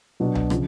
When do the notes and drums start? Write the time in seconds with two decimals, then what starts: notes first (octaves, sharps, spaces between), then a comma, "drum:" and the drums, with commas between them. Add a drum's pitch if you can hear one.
0.20 B2 F#3 B3 D4
0.35 drum: tom C2
0.50 C#3 F3, drum: rim click